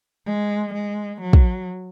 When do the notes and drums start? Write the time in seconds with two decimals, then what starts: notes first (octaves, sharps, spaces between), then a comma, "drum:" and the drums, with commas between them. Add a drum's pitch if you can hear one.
0.27 G#3
0.73 G#3
1.21 F#3
1.33 drum: kick